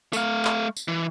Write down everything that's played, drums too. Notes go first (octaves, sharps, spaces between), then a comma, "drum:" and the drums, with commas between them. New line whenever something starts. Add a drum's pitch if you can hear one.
A3 F5, drum: tambourine
drum: clap
drum: tambourine
E3